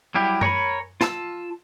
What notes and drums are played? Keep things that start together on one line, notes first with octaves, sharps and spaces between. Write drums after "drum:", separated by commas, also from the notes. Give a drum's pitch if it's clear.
F#3 G3 E4 G4
A#4 C#5 G#5 B5, drum: tom F#2
F4 A5 E6, drum: snare